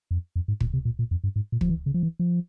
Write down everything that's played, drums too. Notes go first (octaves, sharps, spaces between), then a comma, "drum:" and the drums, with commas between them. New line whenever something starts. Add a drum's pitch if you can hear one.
F2
F2
G#2
A#2, drum: kick
C3
A#2
A#2
F2
G2
G#2
A#2
F3, drum: kick
E3
C#3
F3
E3
F3